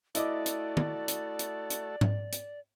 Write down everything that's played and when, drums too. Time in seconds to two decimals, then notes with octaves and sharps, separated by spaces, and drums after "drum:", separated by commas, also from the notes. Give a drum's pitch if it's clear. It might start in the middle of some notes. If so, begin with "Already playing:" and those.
0.15 A3 E4 F#4 A4 D5 D#5 D6, drum: hi-hat
0.46 drum: hi-hat
0.77 drum: tom
1.08 drum: hi-hat
1.39 drum: hi-hat
1.70 drum: hi-hat
2.01 drum: tom G#2
2.32 drum: hi-hat